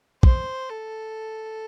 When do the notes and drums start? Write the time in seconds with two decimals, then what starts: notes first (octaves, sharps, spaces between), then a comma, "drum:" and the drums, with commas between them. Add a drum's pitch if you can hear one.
0.23 C5, drum: kick
0.69 A4